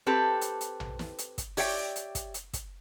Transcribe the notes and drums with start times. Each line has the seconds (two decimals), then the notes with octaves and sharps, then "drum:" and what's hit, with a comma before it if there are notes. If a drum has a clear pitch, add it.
0.06 C4 G4 A4 B4
0.41 drum: hi-hat
0.61 drum: hi-hat
0.80 drum: tom A#1
0.99 drum: snare
1.18 drum: hi-hat
1.38 drum: kick, hi-hat
1.57 G4 C#5 D5 E5 F#5 G5, drum: open hi-hat
1.96 drum: hi-hat
2.15 drum: kick, hi-hat
2.34 drum: hi-hat
2.53 drum: kick, hi-hat